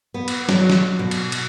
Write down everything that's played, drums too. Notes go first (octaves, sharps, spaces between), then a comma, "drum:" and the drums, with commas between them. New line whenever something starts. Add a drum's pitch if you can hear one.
B3
drum: cymbal
F#3, drum: snare
drum: snare
B2
drum: cymbal
drum: cymbal